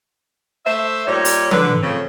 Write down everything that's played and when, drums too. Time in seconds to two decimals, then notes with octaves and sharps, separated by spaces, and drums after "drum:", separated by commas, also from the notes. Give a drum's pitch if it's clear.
0.66 A3 C5 E5
1.07 A#2 G3 D#4 C#5
1.25 drum: open hi-hat
1.51 D3 B4, drum: tom E3
1.82 C#3 F3 A3 C4